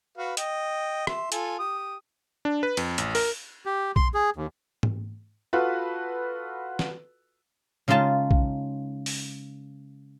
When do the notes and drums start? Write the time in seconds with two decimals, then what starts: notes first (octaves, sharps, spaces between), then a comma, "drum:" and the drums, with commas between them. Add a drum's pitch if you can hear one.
0.17 F#4 B4 F5
0.37 D#5 G5, drum: hi-hat
1.07 E5 C6, drum: rim click
1.32 F4 A4 G#5, drum: hi-hat
1.59 G4 D#6
2.45 D4
2.63 B4
2.77 F2, drum: cymbal
2.98 A1, drum: hi-hat
3.15 A#4, drum: open hi-hat
3.66 G4
3.96 C6, drum: kick
4.14 G#4
4.36 D#2
4.83 drum: tom G#2
5.53 F4 F#4 A4 B4
6.79 drum: snare
7.88 C#3 G#3 D#4 F4 A5
8.31 drum: kick
9.06 drum: open hi-hat